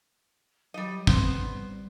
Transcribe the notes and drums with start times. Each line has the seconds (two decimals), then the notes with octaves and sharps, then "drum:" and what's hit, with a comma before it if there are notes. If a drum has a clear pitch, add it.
0.74 F#3 G3 D#5
1.07 B3 C4 C5, drum: kick
1.38 G3